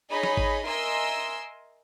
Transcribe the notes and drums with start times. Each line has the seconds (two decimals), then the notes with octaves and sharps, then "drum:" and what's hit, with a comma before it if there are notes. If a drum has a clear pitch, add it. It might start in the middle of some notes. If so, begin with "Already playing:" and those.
0.11 D#4 G#4 C#5 D#5 B5
0.23 drum: snare
0.37 drum: kick G#1
0.65 A#4 D#5 E5 G#5 C6 E6